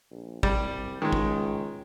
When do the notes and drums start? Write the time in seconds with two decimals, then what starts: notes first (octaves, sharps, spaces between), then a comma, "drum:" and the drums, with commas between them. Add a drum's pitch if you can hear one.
0.11 A#1
0.43 C2 G3, drum: kick
1.02 C#2 D#3 G#3
1.13 drum: kick